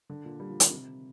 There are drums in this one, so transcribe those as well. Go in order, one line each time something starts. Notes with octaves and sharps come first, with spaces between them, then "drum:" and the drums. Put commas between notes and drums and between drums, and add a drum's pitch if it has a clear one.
D3
A#2
G3
F3
D#3, drum: hi-hat
C3